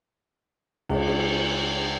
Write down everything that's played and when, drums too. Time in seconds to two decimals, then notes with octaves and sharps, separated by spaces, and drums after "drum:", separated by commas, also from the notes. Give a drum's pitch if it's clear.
0.89 C#2, drum: cymbal
1.07 drum: cymbal